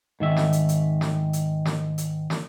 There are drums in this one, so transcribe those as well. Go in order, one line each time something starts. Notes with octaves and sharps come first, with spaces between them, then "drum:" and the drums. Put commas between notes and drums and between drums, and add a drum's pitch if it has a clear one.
G#2 D#3 E5
drum: snare
drum: hi-hat
drum: hi-hat
drum: snare
drum: hi-hat
drum: snare
drum: hi-hat
drum: snare